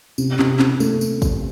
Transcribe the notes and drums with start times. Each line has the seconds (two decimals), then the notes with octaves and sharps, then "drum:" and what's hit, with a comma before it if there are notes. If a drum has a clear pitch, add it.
0.18 C3, drum: tambourine
0.39 C3, drum: clap
0.59 C3, drum: clap
0.80 A3, drum: tambourine
1.01 drum: tambourine
1.22 drum: kick, tambourine